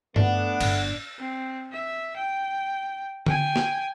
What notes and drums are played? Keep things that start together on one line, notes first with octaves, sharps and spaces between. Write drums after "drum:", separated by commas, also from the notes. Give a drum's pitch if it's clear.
A3 B3 D4 A4 F#5, drum: tom G2
G1, drum: cymbal
C4
E5
G5
G5 G#5, drum: tom D3
drum: snare